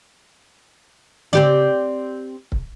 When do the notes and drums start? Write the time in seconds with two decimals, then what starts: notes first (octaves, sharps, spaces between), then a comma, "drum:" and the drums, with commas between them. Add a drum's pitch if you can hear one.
1.33 C4 G4 D5, drum: tom C#3
2.52 drum: kick C#1